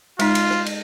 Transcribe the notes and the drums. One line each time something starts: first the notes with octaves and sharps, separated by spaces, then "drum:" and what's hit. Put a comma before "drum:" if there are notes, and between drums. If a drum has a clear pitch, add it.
G#3 D#4 F4, drum: cymbal
drum: cymbal
drum: rim click
drum: cymbal